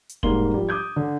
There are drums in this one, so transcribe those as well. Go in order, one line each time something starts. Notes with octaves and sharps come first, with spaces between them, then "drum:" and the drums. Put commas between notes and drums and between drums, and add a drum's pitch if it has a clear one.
drum: hi-hat
G#2 G3 A#3 C6 G7, drum: kick E1
F3 G3
D6 D#6 G6 G#6
D3